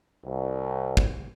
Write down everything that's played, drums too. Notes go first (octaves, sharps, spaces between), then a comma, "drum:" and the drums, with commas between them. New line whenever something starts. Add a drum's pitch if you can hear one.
C2
drum: kick